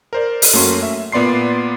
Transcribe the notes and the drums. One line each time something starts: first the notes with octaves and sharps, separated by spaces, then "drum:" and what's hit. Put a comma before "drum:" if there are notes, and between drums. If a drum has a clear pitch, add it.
A#4 C5 D5
drum: open hi-hat
F#2 A3 A#3 C#4 F#4 C6
E5
A#2 B3 D5 C6 C7